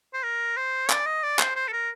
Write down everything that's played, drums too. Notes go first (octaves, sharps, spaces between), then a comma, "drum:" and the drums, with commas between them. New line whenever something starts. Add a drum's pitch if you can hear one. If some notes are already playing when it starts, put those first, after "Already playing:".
C5
A#4
C5
D5, drum: clap
D#5
D5
C5, drum: clap
C5
A4
A#4